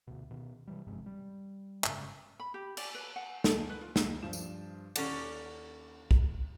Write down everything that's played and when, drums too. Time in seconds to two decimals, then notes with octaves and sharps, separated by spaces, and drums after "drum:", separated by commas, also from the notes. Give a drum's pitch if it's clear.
0.07 D2 B2
0.31 B2 D#3
0.68 C3 E3 G3
0.87 G1 F2 G#2 C3
1.06 G3
1.84 F#1 G#2 C#3, drum: clap
2.40 B5
2.54 G4
2.77 D5, drum: cymbal
2.95 B4
3.16 F#5
3.44 A4, drum: snare
3.69 B4
3.81 F4
3.96 D#4, drum: snare
4.22 G2 F3 E7
4.33 drum: tambourine
4.96 D#2 C#4 A4 D5 F#5, drum: cymbal
6.11 drum: kick